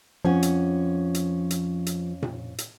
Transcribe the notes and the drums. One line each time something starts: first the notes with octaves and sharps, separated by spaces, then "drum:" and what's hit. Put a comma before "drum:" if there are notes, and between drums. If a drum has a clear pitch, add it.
F2 F3 C#4 F#5
drum: hi-hat
drum: hi-hat
drum: hi-hat
drum: hi-hat
drum: tom A#2
drum: hi-hat